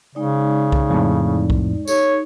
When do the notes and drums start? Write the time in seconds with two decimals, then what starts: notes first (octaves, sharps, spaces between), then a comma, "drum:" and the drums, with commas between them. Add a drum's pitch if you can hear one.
0.15 C#3 G#3 D#4 D5
0.72 drum: kick C2
0.90 F2 A2
1.50 drum: kick C2
1.88 D#4 G4 A4 C#5, drum: tambourine